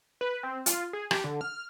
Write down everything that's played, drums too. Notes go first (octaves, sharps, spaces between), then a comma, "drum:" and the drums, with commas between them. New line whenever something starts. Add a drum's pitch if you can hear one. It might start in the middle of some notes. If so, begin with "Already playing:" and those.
B4
C4
F4, drum: hi-hat
G#4
G4, drum: rim click
D3
F6